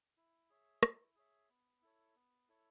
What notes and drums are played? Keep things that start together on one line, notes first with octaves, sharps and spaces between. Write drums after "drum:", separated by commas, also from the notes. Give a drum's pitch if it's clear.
E4
G#4 C#5 E5
E4, drum: rim click
G#4 C#5 E5
B3
E4 A4 C#5
B3
E4 A4 C#5